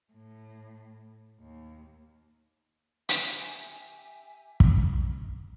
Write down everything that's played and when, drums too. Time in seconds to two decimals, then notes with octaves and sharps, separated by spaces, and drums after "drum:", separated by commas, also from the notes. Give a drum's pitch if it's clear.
0.12 A2
1.40 D#2
3.09 G4 E5 G#5, drum: hi-hat
4.60 drum: kick